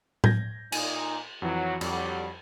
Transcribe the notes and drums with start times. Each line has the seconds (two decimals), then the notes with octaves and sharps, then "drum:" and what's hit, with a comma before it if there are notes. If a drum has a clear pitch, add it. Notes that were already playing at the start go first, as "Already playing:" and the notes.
0.24 G6 G#6 A#6, drum: tom A2
0.72 A#2 D#4 G#5 D#7, drum: cymbal
1.42 F2 E3 F#3 F#4
1.81 F2 D3 F#3 G3, drum: cymbal